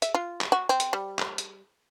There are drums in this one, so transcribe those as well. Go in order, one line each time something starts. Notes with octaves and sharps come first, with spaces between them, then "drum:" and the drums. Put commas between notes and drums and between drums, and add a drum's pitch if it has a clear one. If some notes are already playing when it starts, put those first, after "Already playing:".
E5, drum: hi-hat
F4
drum: clap
F#4
C4
drum: hi-hat
G3
drum: clap
drum: hi-hat